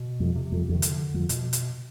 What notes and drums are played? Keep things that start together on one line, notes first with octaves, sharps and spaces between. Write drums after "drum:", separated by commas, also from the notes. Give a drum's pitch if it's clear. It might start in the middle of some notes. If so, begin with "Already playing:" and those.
Already playing: B2
F2
C3
F2
F2
D#3
D3, drum: hi-hat
F2
B2, drum: hi-hat
drum: hi-hat